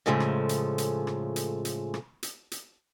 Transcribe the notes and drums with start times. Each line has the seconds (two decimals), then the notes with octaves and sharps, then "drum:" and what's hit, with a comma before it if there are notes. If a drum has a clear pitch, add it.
0.06 A2 C#3 F3 G#3 A3
0.20 drum: rim click
0.49 drum: hi-hat
0.78 drum: hi-hat
1.07 drum: rim click
1.36 drum: hi-hat
1.65 drum: hi-hat
1.94 drum: rim click
2.23 drum: hi-hat
2.52 drum: hi-hat